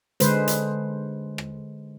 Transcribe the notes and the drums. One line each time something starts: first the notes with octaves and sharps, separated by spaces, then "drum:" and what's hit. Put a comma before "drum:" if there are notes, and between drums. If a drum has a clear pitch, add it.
D3 G#3 B4 C5, drum: hi-hat
drum: hi-hat
drum: rim click